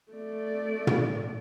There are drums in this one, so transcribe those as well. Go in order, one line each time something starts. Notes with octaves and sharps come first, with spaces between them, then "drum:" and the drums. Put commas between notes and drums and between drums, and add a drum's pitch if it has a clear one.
A3 D5
drum: tom